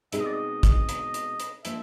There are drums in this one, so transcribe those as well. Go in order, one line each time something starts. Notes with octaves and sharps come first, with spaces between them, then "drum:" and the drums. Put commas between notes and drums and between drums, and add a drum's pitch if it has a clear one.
B2 G#3 C4 D#4 G#4 E5, drum: hi-hat
D#5
D5
D#5
drum: kick, hi-hat
drum: hi-hat
drum: hi-hat
drum: hi-hat
F3 A#3 D4 E5, drum: hi-hat